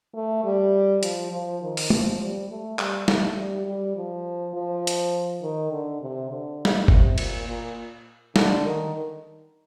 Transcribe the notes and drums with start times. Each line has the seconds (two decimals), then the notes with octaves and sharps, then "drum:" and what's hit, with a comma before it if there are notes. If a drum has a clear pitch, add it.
0.14 A3
0.44 G3
1.03 F3, drum: hi-hat
1.32 F3
1.62 D#3
1.77 drum: open hi-hat
1.90 F3, drum: tom
2.19 G3
2.49 A3
2.79 G3, drum: clap
3.08 A3, drum: snare
3.37 G3
3.66 G3
3.96 F3
4.54 F3
4.87 drum: hi-hat
5.42 D#3
5.71 D3
6.01 C3
6.29 D3
6.65 drum: snare
6.88 C3, drum: kick
7.18 A#2, drum: cymbal
7.47 A#2
8.36 D3, drum: snare
8.65 D#3